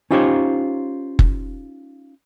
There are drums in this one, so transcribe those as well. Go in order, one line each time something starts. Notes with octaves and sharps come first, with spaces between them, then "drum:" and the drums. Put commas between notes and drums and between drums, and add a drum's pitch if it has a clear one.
C#4 D#4 F4 G4 C5 C#5
drum: kick F#1